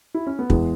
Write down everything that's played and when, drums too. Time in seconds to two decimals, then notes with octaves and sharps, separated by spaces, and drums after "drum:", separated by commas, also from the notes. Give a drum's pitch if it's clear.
0.14 E4
0.27 C#4
0.39 B3
0.50 E2 G#3, drum: kick